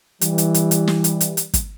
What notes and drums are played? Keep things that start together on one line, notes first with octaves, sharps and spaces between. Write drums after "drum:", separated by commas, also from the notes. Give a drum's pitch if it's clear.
E3 G3, drum: hi-hat
drum: hi-hat
drum: hi-hat
drum: hi-hat
drum: snare
drum: hi-hat
drum: hi-hat
drum: hi-hat
drum: kick, hi-hat